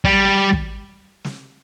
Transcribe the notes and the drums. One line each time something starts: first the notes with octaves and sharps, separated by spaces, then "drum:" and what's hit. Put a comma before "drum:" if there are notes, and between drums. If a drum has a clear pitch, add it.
G3, drum: kick
drum: kick
drum: snare